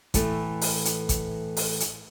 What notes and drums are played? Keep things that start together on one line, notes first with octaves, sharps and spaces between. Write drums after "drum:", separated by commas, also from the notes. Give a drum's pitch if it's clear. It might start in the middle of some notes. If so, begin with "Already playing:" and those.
A2 E3 A3, drum: kick G#1, hi-hat
drum: open hi-hat
drum: hi-hat
drum: kick G#1, hi-hat
drum: open hi-hat
drum: hi-hat